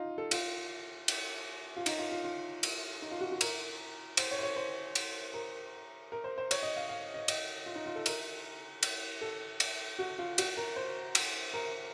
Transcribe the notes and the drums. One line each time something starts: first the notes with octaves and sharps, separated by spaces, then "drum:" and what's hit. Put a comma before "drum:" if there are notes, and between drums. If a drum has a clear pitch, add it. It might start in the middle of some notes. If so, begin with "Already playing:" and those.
Already playing: D#4 F4
A4
F4, drum: cymbal
drum: cymbal
F4
D#4, drum: cymbal
F4
F4
F4
drum: cymbal
D#4
F4
F#4
F#4
A#4, drum: cymbal
C5, drum: cymbal
C#5
C5
C#5
C5
drum: cymbal
A#4
A#4
C5
C5
C#5, drum: cymbal
D#5
F5
F5
D#5
D#5, drum: cymbal
F4
D#4
F4
A4
A#4, drum: cymbal
drum: cymbal
A4
drum: cymbal
F#4
F4
F#4, drum: cymbal
A#4
C5
drum: cymbal
A#4